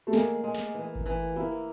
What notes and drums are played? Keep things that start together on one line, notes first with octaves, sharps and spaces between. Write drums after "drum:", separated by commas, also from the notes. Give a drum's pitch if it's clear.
A3
G#3 A#3, drum: snare
G#3
drum: snare
E3
drum: kick G1
E3
A#3 E4